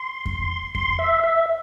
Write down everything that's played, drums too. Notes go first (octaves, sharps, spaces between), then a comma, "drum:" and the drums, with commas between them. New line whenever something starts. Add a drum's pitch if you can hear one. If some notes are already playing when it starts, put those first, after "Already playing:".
Already playing: C6
drum: kick F2
C6, drum: kick F2
E5
E5